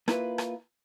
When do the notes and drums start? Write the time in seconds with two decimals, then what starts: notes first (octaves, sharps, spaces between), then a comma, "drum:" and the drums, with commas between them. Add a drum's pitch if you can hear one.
0.08 A#3 E4 F4 B4, drum: rim click
0.38 drum: rim click